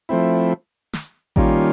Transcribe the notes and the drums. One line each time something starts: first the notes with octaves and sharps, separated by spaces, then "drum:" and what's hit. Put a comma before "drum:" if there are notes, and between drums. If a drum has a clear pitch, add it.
F3 A3 C4 E4
drum: snare
D#3 G3 A#3 C#4 F4, drum: kick A1